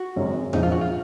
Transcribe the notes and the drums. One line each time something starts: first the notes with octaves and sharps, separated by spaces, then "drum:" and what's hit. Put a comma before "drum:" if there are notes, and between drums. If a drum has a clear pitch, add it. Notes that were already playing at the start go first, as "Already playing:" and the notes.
Already playing: F#4
G#1 F#2 C#3 G#3 C#4
A#1 A#2 F3 G#3 D#4, drum: tom E2
F4
F#4
F4